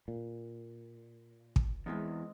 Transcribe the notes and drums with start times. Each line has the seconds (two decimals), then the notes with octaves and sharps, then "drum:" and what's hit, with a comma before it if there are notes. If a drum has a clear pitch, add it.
0.08 A#2
1.56 drum: kick
1.86 E2 G#3 C4 D#4